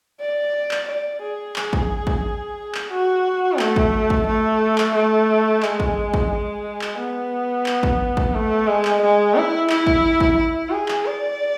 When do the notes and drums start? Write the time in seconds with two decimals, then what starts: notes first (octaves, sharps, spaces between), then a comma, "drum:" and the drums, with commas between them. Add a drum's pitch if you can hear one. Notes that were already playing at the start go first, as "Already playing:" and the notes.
0.20 D5
0.71 drum: clap
0.88 D5
1.22 G#4
1.56 drum: clap
1.73 drum: kick
2.07 drum: kick
2.75 drum: clap
2.92 F#4
3.59 A3, drum: clap
3.76 drum: kick
4.10 drum: kick
4.27 A3
4.78 drum: clap
4.95 A3
5.63 G#3, drum: clap
5.80 drum: kick
6.14 drum: kick
6.30 G#3
6.81 drum: clap
6.99 B3
7.66 drum: clap
7.83 drum: kick
8.17 drum: kick
8.34 A3
8.67 G#3
8.85 drum: clap
9.02 G#3
9.36 E4
9.70 E4, drum: clap
9.87 drum: kick
10.20 drum: kick
10.38 E4
10.71 G#4
10.88 drum: clap
11.06 D5